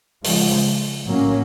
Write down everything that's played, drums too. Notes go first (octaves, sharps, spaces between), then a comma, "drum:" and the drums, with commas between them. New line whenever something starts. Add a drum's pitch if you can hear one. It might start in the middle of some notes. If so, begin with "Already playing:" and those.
C#3 F3 G#3, drum: open hi-hat
A2 F#3 A#3 C#4